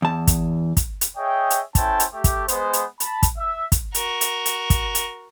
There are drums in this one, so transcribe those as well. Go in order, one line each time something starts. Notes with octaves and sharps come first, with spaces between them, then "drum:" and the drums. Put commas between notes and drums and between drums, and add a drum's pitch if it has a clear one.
E2 A5
drum: kick, hi-hat
drum: kick, hi-hat
drum: hi-hat
G#4 C#5 D#5 E5 G5
drum: hi-hat
C#4 E4 A4 C5 G5 A5, drum: kick, hi-hat
drum: hi-hat
A3 G4
drum: kick, hi-hat
G#3 B3 C5, drum: hi-hat
drum: hi-hat
A5 B5, drum: hi-hat
drum: kick, hi-hat
E5
drum: kick, hi-hat
F#4 A#4, drum: hi-hat
drum: hi-hat
drum: hi-hat
drum: kick, hi-hat
drum: hi-hat